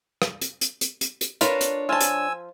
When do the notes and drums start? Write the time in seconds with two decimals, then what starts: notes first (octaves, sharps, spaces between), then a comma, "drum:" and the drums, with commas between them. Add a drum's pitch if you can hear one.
0.22 drum: rim click
0.41 drum: hi-hat
0.61 drum: hi-hat
0.81 drum: hi-hat
1.01 drum: hi-hat
1.21 drum: hi-hat
1.41 D4 F4 A#4 B4 C#5, drum: hi-hat
1.61 drum: hi-hat
1.89 F3 G#5 A5 E6
2.00 drum: hi-hat